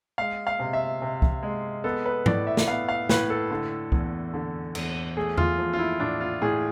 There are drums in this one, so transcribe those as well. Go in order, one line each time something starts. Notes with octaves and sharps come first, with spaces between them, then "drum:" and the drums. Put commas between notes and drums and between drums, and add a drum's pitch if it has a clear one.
G#3 F5
F5
C3
E5
C3
drum: kick C2
G#3
B3 A4
B4
A2 D5, drum: tom G#2
E5
drum: snare
B3 F5
F5
A2 B4, drum: snare
A4
D3
E2, drum: kick C2
D3
E2, drum: cymbal
A3 G#4
F4, drum: tom E2
F3
F4
E4
A2 D4
F4
A2 G#4